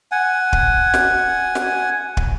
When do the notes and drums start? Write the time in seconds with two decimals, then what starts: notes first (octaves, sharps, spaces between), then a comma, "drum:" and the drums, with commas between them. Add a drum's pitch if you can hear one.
0.12 F#5 G#5
0.53 drum: kick
0.94 drum: snare
1.55 drum: snare
2.17 drum: kick